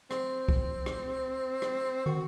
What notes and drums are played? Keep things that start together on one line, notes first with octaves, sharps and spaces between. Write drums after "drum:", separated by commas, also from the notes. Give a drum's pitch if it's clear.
C4, drum: rim click
drum: kick C2
drum: rim click
drum: rim click
D#3 F#4